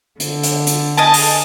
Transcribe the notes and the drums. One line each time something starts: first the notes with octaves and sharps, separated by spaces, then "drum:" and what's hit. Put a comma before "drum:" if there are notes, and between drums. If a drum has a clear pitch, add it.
D3, drum: hi-hat
drum: hi-hat
drum: hi-hat
D#5 G#5 A5
drum: open hi-hat